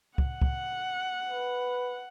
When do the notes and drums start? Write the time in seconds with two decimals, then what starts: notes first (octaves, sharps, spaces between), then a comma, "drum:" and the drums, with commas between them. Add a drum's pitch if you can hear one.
0.18 F#5, drum: kick
0.42 drum: kick
1.30 B4